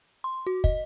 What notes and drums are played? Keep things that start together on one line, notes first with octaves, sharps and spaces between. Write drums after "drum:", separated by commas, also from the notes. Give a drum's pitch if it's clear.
C6
F#4
D#5, drum: kick